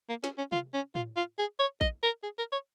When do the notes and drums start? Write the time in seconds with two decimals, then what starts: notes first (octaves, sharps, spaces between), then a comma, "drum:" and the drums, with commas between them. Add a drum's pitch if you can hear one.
0.09 A#3
0.24 C#4, drum: snare
0.38 C#4
0.52 F4, drum: tom C3
0.74 C#4
0.95 F4, drum: tom A2
1.17 F4
1.38 G#4
1.59 C#5
1.81 D#5, drum: kick A#1
2.03 A#4
2.24 G#4
2.38 A#4
2.52 C#5